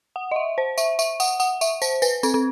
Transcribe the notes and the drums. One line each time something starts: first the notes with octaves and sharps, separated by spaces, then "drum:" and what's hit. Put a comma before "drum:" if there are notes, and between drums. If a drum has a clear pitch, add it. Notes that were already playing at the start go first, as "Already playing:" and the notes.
F#5
D#5
E5
C5
E5, drum: tambourine
E5, drum: tambourine
F#5, drum: tambourine
F#5, drum: tambourine
E5, drum: tambourine
C5, drum: tambourine
B4, drum: tambourine
C4, drum: tambourine
C4